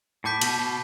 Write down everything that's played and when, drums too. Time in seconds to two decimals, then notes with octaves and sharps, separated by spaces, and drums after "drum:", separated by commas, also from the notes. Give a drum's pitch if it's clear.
0.24 A2 A5 D6 G6 B6
0.41 B2, drum: cymbal
0.59 B2